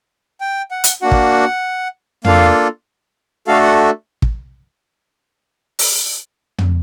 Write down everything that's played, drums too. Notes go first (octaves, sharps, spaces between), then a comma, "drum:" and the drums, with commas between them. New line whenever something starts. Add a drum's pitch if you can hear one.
G5
F#5
drum: hi-hat
A#3 D4 F#4 F#5
drum: kick
A#3 D4 F4 A4 F5, drum: tom
A3 D4 F#4 A4 F5
F#5
drum: kick
drum: open hi-hat
drum: tom